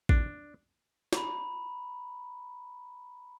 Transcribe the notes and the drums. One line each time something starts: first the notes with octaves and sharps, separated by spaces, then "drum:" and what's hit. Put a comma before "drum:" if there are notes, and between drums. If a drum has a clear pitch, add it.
D4, drum: kick
A#5 B5, drum: snare